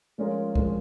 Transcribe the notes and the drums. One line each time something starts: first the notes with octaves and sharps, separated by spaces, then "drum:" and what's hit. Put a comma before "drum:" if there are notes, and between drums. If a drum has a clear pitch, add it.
F3 G#3 C#4 F4 A#4
F3 G#3 C#4 F4 A#4, drum: kick